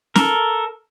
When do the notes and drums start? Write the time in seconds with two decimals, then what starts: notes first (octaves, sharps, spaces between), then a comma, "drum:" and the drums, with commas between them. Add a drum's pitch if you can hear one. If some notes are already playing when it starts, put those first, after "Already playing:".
0.16 A4 A#4, drum: snare C#4